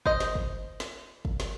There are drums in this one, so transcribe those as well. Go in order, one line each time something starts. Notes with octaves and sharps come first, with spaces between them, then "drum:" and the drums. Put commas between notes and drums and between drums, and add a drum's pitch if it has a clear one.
C5 D#5, drum: kick
drum: snare
drum: kick
drum: snare
drum: kick
drum: snare